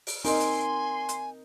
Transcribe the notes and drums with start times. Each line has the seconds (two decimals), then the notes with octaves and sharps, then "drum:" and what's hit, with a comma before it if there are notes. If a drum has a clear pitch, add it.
0.07 drum: open hi-hat
0.25 C4 D#4 A#4 D#5 G#5 C6, drum: open hi-hat
0.40 drum: hi-hat
1.09 drum: hi-hat